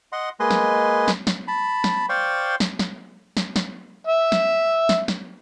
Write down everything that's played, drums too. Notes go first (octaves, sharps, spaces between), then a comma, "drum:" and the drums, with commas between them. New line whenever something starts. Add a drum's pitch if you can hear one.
D#5 F#5 C6
G#3 A#3 B4 D#5 G#5 C6
drum: snare
drum: snare
drum: snare
A5 B5
drum: snare
C5 D5 F5 G5 C6 C#6
drum: snare
drum: snare
drum: snare
drum: snare
E5
drum: snare
drum: snare
drum: snare